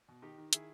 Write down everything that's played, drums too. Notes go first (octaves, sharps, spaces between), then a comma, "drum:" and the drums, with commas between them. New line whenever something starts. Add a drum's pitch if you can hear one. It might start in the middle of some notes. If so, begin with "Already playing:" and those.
B2
D#3 D#4 G4
D#3
D#3 E4 G#4, drum: hi-hat